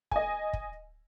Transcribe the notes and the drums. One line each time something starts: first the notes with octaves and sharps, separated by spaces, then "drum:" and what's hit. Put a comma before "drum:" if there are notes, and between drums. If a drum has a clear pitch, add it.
D#5 G#5, drum: kick
drum: kick